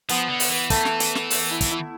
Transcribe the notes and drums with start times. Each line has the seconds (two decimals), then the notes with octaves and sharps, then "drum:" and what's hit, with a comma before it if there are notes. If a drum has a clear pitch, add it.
0.09 F3 B3, drum: hi-hat
0.29 D3
0.40 drum: open hi-hat
0.50 E3
0.70 A3, drum: kick, hi-hat
0.85 drum: snare
1.00 drum: hi-hat
1.15 drum: snare
1.30 drum: open hi-hat
1.51 E4
1.61 drum: kick, hi-hat
1.71 E4